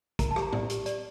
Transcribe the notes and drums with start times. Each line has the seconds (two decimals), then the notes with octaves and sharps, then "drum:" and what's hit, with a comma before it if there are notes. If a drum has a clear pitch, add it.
0.19 A#4 A#5, drum: kick, hi-hat
0.31 A5
0.36 G4, drum: rim click
0.42 A#5
0.53 D5, drum: tom A2
0.70 G4, drum: hi-hat
0.86 D5, drum: hi-hat